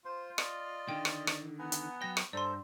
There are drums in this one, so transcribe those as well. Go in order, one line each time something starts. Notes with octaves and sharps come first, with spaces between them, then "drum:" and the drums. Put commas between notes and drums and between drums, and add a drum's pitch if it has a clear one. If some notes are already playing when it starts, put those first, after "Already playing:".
F4 C5 C6
D5 D#5 F6, drum: rim click
D3 D#3 G5
drum: rim click
drum: rim click
B3 F#5 G#5 A#5
drum: hi-hat
F#3 G5 A#6
drum: rim click
G2 A4 C5 D5 A#5 C6